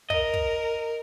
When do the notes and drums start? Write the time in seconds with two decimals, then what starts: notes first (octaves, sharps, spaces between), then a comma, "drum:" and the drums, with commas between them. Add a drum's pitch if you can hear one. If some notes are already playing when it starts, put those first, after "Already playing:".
0.10 A#4 D#5, drum: kick
0.34 drum: kick